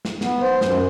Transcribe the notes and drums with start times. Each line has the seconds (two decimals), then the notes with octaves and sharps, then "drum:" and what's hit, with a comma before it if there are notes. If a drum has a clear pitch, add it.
0.05 drum: snare
0.21 B3, drum: snare
0.42 C5
0.61 F#2, drum: snare